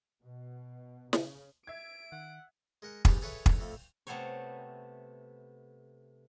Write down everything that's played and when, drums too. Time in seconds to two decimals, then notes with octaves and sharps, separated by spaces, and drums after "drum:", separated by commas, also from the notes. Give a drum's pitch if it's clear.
0.22 B2
1.13 C#3, drum: snare
1.67 E5 G#6 D7
2.12 D#3 F#5
2.82 G#3 A#4 F#5
3.05 B3 C#4 G4 G#4 B4 D5, drum: kick
3.22 G#4 A4 B4 C#5 E5 F#5
3.46 drum: kick
3.60 F2 A3
4.07 C3 A3 B3 A4 C5 C#5